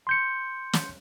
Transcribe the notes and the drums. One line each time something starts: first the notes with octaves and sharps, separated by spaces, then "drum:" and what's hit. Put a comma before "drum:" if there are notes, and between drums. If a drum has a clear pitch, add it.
C6 G6 C#7
drum: snare